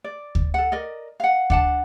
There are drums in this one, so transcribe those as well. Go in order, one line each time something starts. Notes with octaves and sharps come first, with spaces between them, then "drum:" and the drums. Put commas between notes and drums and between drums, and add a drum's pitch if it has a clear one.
D5
drum: kick D2
A4 F#5
A#4 D5 D#5
F5 F#5
D4 F#5 A5, drum: kick D2